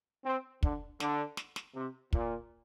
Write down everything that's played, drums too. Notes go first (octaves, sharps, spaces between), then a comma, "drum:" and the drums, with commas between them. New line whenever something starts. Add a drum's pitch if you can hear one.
C4
D3, drum: kick
D3, drum: snare
drum: snare
drum: snare
C3
A#2, drum: kick